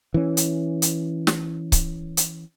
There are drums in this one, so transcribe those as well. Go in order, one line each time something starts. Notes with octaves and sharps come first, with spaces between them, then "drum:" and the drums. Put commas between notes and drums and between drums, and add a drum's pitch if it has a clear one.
E3 C#4
drum: hi-hat
drum: hi-hat
drum: snare
drum: kick C#1, hi-hat
drum: hi-hat